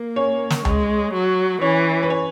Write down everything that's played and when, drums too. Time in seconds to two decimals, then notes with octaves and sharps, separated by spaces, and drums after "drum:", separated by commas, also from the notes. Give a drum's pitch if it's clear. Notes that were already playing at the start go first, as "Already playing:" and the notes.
Already playing: A#3
0.16 C#4 C#5
0.50 drum: snare
0.65 G#3, drum: tom C#2
1.14 F#3
1.61 E3 C#4 C#5
2.03 B4
2.09 C#4 C#5